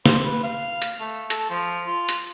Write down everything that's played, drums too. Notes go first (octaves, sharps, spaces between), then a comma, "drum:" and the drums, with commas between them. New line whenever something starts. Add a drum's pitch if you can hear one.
C5, drum: snare A#3
B4
F5
drum: hi-hat
A3
A4, drum: hi-hat
F3
F4
drum: hi-hat